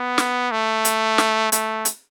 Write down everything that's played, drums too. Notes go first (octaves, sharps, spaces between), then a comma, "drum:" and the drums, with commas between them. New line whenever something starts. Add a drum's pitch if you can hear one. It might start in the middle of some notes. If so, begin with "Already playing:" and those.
Already playing: B3
drum: snare
A3
drum: hi-hat
drum: snare
A3, drum: hi-hat
drum: hi-hat